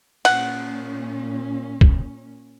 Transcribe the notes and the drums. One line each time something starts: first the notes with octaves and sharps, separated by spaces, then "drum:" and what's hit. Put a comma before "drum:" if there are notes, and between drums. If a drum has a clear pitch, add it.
A#2 C#4 F#5, drum: cymbal
drum: kick